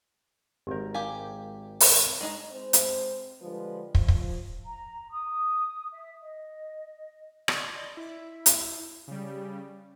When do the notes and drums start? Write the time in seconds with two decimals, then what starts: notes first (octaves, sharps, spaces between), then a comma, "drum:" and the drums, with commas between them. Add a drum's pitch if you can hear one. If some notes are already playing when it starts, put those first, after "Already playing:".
0.67 G#1 G4 A#4 D5
0.94 G4 F5 G#5
1.80 drum: open hi-hat
2.21 G#3 D#4 D#5
2.52 G#3 C4 C5
2.73 drum: hi-hat
3.41 D3 F3 G3 G#3 B4
3.95 F3, drum: kick
4.08 drum: kick
4.64 A#5
5.12 D#6
5.92 E5
6.22 D#5
7.48 D5 D#5 B5 C6 D6, drum: rim click
7.97 E4 E5
8.46 drum: hi-hat
9.07 C#3 G3